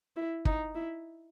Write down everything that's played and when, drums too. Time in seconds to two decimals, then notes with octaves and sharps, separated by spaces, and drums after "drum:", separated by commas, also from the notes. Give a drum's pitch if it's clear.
0.16 E4
0.45 D#4, drum: kick
0.75 E4